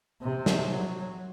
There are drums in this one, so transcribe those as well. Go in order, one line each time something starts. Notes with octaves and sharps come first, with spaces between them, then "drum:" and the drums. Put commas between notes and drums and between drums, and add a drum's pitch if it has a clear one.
C3
drum: snare
F#3